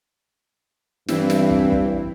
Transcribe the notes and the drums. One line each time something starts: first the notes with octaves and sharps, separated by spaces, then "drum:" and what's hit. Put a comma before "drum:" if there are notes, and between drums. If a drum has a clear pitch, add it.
G2 E3 C4 E4, drum: snare
drum: snare
drum: kick
drum: kick